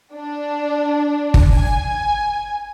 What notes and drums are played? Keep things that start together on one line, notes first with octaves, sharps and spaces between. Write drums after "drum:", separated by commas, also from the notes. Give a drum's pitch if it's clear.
D4
drum: kick G1
G#5